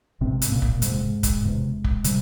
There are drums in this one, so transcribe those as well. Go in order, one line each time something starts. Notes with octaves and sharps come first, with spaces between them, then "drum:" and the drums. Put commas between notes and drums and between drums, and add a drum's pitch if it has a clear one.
G#1 G#2 C3 C4
drum: hi-hat
A#2 A#3
drum: kick
E1 E2 G#2 C3 G#3, drum: hi-hat
drum: kick, hi-hat
E1 E2 C3
drum: kick
C3 G3, drum: hi-hat